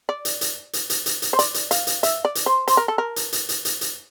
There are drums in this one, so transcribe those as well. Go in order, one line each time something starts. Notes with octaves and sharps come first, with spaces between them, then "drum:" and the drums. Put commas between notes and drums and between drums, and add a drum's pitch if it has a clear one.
D5
drum: hi-hat
drum: hi-hat
drum: hi-hat
drum: hi-hat
drum: hi-hat
drum: hi-hat
C5
D5, drum: hi-hat
drum: hi-hat
F5, drum: hi-hat
drum: hi-hat
E5, drum: hi-hat
D5
drum: hi-hat
C5
C5, drum: hi-hat
A#4
A4
A#4
drum: hi-hat
drum: hi-hat
drum: hi-hat
drum: hi-hat
drum: hi-hat